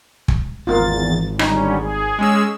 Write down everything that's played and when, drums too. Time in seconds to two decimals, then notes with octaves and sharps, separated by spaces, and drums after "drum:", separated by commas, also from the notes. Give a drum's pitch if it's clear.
0.28 drum: kick
0.67 G#1 E2 A#3 F4 A6
1.39 D3 G3 C#4 D#4, drum: rim click
1.76 G#4
2.19 G#3 C#4 E6